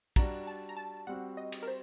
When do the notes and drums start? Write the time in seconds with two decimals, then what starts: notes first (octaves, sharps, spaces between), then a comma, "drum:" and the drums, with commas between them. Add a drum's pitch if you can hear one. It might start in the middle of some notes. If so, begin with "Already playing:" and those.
0.16 G3 D4 F#4 A#5, drum: kick, cymbal
0.47 A5
0.69 A#5
0.77 A5
1.07 G3 C4 F#4 F#5
1.37 D#5
1.52 drum: cymbal
1.62 A#4
1.67 C5